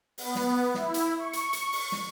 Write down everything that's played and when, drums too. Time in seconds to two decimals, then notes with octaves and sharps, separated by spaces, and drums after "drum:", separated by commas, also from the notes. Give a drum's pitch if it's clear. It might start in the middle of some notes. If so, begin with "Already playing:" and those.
0.18 B3, drum: open hi-hat
0.35 drum: snare
0.74 E4, drum: snare
0.94 drum: hi-hat
1.18 C#6
1.33 drum: hi-hat
1.53 drum: hi-hat
1.73 drum: open hi-hat
1.92 drum: snare